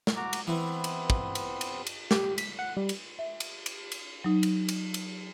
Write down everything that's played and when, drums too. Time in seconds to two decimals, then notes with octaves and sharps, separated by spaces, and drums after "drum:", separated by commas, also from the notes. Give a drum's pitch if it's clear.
0.07 drum: snare
0.16 F#4 A#5 D6
0.33 drum: cymbal
0.47 E3 B3 C4
0.84 drum: cymbal
1.10 drum: kick
1.35 drum: cymbal
1.61 drum: cymbal
1.87 drum: cymbal
2.11 G4, drum: snare
2.38 B6, drum: cymbal
2.59 F#5
2.77 G3
2.89 drum: cymbal
3.19 E5
3.40 drum: cymbal
3.66 drum: cymbal
3.92 drum: cymbal
4.24 F#3 D#4
4.43 drum: cymbal
4.69 drum: cymbal
4.94 drum: cymbal